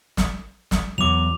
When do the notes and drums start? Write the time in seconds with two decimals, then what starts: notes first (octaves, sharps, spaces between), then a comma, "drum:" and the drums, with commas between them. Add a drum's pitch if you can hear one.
0.17 drum: snare
0.71 drum: snare
0.98 E2 F#3 D6 F7